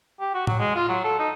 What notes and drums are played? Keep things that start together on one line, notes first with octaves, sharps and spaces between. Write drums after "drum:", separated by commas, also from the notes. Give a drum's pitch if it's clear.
G4
F#4
F#3, drum: tom A2
G#3
F4
F#3
A4
D#4